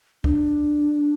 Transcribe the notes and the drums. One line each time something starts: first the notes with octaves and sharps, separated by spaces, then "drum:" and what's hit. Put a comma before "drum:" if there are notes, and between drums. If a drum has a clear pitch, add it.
D4, drum: kick